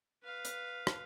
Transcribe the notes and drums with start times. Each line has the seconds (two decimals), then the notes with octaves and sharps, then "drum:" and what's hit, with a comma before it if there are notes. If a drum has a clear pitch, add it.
0.24 B4 F5
0.45 drum: hi-hat
0.87 drum: rim click